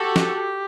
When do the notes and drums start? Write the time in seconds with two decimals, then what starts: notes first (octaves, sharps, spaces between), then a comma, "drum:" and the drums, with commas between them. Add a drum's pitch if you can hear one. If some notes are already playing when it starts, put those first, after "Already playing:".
Already playing: F#4 G4 A4
0.16 drum: snare